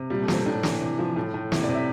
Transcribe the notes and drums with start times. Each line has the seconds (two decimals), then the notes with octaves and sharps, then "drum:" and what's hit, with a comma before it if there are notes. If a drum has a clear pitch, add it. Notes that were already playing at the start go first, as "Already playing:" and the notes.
Already playing: C3
0.10 A#2 G3
0.22 A3
0.28 A#2, drum: snare
0.34 C4
0.46 A2 D4
0.63 E3, drum: snare
0.81 C3
0.99 F3
1.16 A2
1.34 A2
1.52 C3 E4, drum: snare
1.64 D5
1.69 C3
1.75 E5